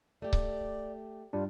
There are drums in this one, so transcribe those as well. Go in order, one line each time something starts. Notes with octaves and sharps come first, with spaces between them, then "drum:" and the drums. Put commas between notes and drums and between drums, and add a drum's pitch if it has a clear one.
A3 G4 D5
drum: kick C#1
G2 G3 D4 F4